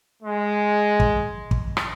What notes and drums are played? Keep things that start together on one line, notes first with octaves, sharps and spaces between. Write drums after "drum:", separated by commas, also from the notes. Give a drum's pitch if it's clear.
G#3
drum: kick
drum: kick
drum: rim click